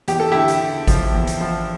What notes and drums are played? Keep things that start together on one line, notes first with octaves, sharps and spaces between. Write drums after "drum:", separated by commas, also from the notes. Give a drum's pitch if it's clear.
E2 G4, drum: hi-hat
A4
D3 E4 G4
drum: hi-hat
D3
F3, drum: kick G#1, hi-hat
E2
drum: hi-hat
F3